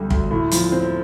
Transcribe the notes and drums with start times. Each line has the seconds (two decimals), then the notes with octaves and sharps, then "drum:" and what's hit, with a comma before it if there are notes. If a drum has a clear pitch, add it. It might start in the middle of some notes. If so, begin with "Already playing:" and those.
Already playing: D2 D3 G3
0.10 D2, drum: kick
0.31 A2
0.51 F3, drum: hi-hat
0.72 C4